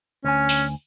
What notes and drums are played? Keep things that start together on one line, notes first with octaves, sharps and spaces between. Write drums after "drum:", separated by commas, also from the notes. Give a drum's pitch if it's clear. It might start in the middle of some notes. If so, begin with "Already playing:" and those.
D2 C#4 G#5
drum: open hi-hat